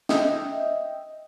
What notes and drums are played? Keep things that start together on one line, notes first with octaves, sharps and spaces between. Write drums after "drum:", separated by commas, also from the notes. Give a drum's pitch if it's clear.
D#5 E5 G5, drum: snare